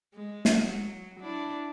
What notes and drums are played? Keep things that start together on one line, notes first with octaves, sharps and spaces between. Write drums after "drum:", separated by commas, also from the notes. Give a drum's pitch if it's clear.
G#3
drum: snare
F#3
D4 E4